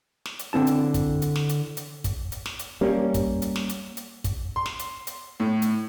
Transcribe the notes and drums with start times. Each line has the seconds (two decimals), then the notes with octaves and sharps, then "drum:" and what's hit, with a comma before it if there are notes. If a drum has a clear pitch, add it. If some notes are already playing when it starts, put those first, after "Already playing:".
0.26 drum: snare
0.39 drum: hi-hat
0.53 D3 C4 E4 A5
0.67 drum: hi-hat
0.94 drum: kick, hi-hat
1.22 drum: hi-hat
1.36 drum: snare
1.49 drum: hi-hat
1.77 drum: hi-hat
2.04 drum: kick, hi-hat
2.32 drum: hi-hat
2.46 drum: snare
2.59 drum: hi-hat
2.81 G3 A#3 C#4
3.14 drum: kick, hi-hat
3.42 drum: hi-hat
3.56 drum: snare
3.69 drum: hi-hat
3.97 drum: hi-hat
4.24 drum: kick, hi-hat
4.56 C6
4.66 drum: snare
4.79 drum: hi-hat
5.07 drum: hi-hat
5.40 A2
5.62 drum: hi-hat